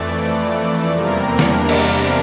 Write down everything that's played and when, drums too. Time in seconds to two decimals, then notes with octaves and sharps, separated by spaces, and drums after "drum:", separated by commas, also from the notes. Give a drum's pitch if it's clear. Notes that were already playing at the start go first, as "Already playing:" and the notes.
Already playing: F2 E3 A3 D5
0.92 E2 C3 G3 A#3 A#4
1.39 D4, drum: snare
1.69 drum: cymbal
1.85 D4